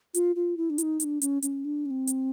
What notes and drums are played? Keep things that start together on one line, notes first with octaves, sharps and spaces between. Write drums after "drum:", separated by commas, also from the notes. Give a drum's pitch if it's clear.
F4, drum: hi-hat
F4
E4
D4
E4, drum: hi-hat
D#4
D#4, drum: hi-hat
D4
C#4, drum: hi-hat
C#4, drum: hi-hat
D4
C#4
C4
drum: hi-hat